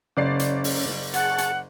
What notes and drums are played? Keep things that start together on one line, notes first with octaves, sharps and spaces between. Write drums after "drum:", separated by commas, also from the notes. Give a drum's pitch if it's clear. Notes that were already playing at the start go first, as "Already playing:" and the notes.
F#1 C#3 C#4 D5 C7
drum: hi-hat
drum: open hi-hat
drum: snare
G#4 F#5 A5 C#6, drum: hi-hat
drum: hi-hat